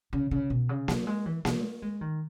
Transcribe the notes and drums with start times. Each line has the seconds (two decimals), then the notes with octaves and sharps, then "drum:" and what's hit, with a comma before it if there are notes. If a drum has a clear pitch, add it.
0.13 C#3
0.31 C#3
0.50 B2
0.69 C#3
0.88 F#3, drum: snare A#3
1.07 G#3
1.26 E3
1.45 E3, drum: snare A#3
1.64 A#3
1.82 G#3
2.01 D#3